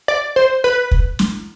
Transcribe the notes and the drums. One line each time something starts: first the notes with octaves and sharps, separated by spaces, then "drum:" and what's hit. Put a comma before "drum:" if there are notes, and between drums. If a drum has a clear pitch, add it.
D5
C5
B4
drum: kick
drum: snare